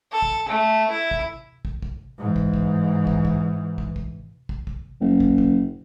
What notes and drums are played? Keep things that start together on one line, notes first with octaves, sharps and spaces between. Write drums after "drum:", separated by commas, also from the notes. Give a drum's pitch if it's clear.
A4
drum: kick
A3
E4
drum: kick
drum: kick
drum: kick
G#2 E3
drum: kick
drum: kick
drum: kick
drum: kick
drum: kick
drum: kick
drum: kick
drum: kick
F#1
drum: kick
drum: kick